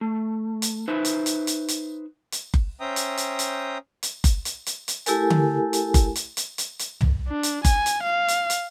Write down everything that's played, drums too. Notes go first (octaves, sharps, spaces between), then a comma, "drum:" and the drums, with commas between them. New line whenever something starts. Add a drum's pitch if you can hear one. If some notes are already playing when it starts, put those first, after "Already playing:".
A3
drum: hi-hat
D#4 B4 C5 E5
drum: hi-hat
drum: hi-hat
drum: hi-hat
drum: hi-hat
drum: hi-hat
drum: kick F#1
C#4 C5 E5 G5 A#5 D#6
drum: hi-hat
drum: hi-hat
drum: hi-hat
drum: hi-hat
drum: kick F#1, hi-hat
drum: hi-hat
drum: hi-hat
drum: hi-hat
A3 E4 G4 A4 A#4 G#5, drum: hi-hat
drum: tom D3
drum: hi-hat
drum: kick F#1, hi-hat
drum: hi-hat
drum: hi-hat
drum: hi-hat
drum: hi-hat
drum: tom
D4
drum: hi-hat
G#5, drum: kick F#1, hi-hat
drum: hi-hat
F5
drum: hi-hat
drum: hi-hat